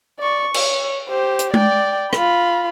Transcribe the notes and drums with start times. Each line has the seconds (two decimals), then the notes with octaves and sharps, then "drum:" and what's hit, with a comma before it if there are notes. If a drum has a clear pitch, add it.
0.19 D5 C#6
0.54 C#5, drum: cymbal
1.09 G4 C5
1.39 drum: hi-hat
1.54 D5 G5, drum: tom G#3
2.13 F4 B5, drum: rim click